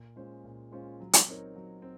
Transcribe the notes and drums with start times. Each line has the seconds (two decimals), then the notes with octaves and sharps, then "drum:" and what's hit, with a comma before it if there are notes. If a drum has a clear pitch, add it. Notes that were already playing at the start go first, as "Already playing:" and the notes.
Already playing: A#2
0.16 G#3 C#4 F4 C5
0.44 A#2
0.71 G#3 C#4 F4 C5
1.00 F#3
1.13 drum: hi-hat
1.27 C4 D#4 A#4 C#5
1.56 F#3
1.82 C4